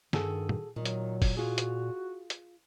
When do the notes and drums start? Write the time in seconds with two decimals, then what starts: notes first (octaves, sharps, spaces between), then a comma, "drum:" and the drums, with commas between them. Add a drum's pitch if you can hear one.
0.13 G2 D#3 F#4 G#4 A4, drum: snare
0.49 drum: tom
0.76 A#2 D#3 F#3
0.85 drum: hi-hat
1.22 drum: kick, open hi-hat
1.37 F4 F#4 G#4
1.58 drum: hi-hat
2.30 drum: hi-hat